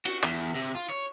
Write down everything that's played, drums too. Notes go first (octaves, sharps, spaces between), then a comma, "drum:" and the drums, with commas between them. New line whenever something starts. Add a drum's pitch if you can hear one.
F#4, drum: cymbal
E2, drum: clap
C3
F4
C#5